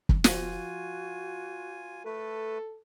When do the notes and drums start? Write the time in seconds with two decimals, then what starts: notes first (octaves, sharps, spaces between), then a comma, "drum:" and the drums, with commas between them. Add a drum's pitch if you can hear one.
0.09 drum: kick
0.24 F3 F4 F#4 G#5, drum: snare
2.05 A3 A4 B4